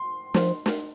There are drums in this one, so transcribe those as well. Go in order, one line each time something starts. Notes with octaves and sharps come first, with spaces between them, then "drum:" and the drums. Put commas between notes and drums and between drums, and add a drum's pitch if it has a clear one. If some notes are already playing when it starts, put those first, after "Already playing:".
Already playing: C6
F3, drum: snare
drum: snare